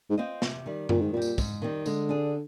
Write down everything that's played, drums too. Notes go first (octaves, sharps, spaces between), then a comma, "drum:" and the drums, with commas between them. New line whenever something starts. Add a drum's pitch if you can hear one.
G#2
C4 F4 C5 D#5
C3, drum: snare
D#3 G3
A#2 D#3, drum: tom F#2
G#2
A#2 G3 C4
drum: tambourine
G#2, drum: kick, tambourine
D#3 G3 C4
D3 G#3, drum: tambourine
D4 G#4